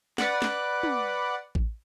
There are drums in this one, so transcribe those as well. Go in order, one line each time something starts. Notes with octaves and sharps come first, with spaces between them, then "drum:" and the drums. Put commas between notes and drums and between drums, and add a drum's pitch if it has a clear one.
B4 D5 F#5, drum: snare
drum: snare
drum: tom
drum: kick A1